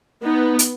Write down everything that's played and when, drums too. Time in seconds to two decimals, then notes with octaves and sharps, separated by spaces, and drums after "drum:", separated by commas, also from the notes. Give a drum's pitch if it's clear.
0.23 B3 D#4
0.59 drum: hi-hat